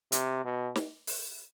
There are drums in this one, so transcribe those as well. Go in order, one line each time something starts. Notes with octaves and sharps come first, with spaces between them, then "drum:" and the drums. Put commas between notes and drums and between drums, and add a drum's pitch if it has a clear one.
C3, drum: hi-hat
B2
drum: snare
drum: open hi-hat